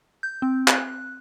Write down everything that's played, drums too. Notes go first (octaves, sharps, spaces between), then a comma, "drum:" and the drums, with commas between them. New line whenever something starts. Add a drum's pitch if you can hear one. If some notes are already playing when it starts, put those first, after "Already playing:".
G6
C4
F#6, drum: clap